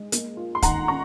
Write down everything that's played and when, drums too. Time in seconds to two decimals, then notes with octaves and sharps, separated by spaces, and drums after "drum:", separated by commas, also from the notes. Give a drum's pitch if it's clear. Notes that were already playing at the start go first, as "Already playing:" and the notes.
Already playing: G#3
0.12 A#3, drum: hi-hat
0.37 F4
0.55 C6
0.62 D#3 F#5 A#5, drum: kick, hi-hat
0.88 C#4 A#5 C#6